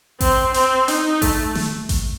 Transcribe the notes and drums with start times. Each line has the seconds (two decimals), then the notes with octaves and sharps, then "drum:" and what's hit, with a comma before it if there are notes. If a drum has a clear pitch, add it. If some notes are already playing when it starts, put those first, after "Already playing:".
0.21 C4, drum: kick A1, open hi-hat
0.54 C4, drum: hi-hat
0.88 D#4, drum: hi-hat
1.22 A3, drum: kick A1, open hi-hat
1.55 drum: snare
1.89 drum: kick A1, hi-hat